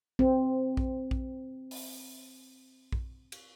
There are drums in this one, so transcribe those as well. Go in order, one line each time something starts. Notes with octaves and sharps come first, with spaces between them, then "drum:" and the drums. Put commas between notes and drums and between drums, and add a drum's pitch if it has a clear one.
C4, drum: kick A#1
drum: kick A#1
drum: kick A#1
drum: open hi-hat
drum: kick A#1
drum: cymbal